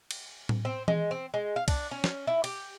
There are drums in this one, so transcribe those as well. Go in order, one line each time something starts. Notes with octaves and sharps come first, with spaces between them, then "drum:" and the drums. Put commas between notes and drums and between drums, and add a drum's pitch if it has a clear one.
drum: cymbal
drum: tom A2
C4
G#3, drum: tom E3
C4
G#3
F5
D4, drum: kick, cymbal
C#4
drum: snare
E4
G4, drum: cymbal